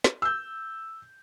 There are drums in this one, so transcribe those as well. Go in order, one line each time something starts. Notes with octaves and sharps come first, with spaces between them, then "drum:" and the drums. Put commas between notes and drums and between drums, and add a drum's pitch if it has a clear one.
drum: snare
E6 G6